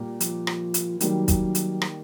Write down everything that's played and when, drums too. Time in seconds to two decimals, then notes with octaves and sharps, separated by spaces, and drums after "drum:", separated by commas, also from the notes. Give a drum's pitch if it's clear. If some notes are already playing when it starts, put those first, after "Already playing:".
Already playing: A#2 G3 A#3
0.20 F3, drum: hi-hat
0.47 drum: rim click
0.74 drum: hi-hat
1.00 D#3 F#3 G3 A#3, drum: hi-hat
1.28 drum: kick, hi-hat
1.55 drum: hi-hat
1.82 drum: rim click